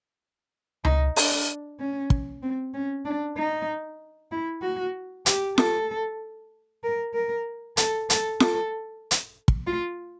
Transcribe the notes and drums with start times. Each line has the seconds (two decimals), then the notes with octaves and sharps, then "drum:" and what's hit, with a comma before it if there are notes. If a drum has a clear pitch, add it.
0.84 D#4, drum: tom C#2
1.16 D4, drum: open hi-hat
1.80 C#4
2.10 drum: kick
2.43 C4
2.74 C#4
3.05 D4
3.38 D#4
4.32 E4
4.62 F#4
5.26 G4, drum: hi-hat
5.58 A4, drum: snare F4
6.84 A#4
7.14 A#4
7.77 A4, drum: hi-hat
8.10 A4, drum: hi-hat
8.40 A4, drum: snare F4
9.11 drum: hi-hat
9.48 drum: kick
9.67 F4